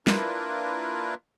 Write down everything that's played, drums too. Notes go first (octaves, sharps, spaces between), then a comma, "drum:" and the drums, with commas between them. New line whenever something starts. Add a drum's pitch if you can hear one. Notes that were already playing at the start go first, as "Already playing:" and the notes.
A#3 D4 E4 F4 A#4 B4, drum: snare